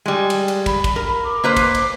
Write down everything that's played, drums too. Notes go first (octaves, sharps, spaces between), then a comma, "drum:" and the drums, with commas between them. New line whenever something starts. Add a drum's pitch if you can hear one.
G3 G#3
drum: cymbal
drum: cymbal
B5, drum: kick, cymbal
drum: kick, cymbal
A#4
D6
A#3 B4 C5
drum: kick, cymbal
drum: cymbal